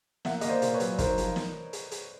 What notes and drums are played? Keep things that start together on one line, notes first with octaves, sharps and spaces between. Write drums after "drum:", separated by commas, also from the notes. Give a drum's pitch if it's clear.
A#3 E5 F#5, drum: snare
A#3 D#5, drum: hi-hat
C5 D5
A#2, drum: hi-hat
B4 C#5
F#3, drum: hi-hat
D#4 A#4 C5, drum: kick, hi-hat
F3, drum: hi-hat
drum: snare
drum: hi-hat
drum: hi-hat